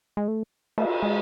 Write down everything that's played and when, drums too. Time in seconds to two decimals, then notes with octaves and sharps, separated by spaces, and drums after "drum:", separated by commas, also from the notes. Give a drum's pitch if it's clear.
0.17 G#3
0.28 A3
0.78 A3, drum: cymbal
1.03 G#3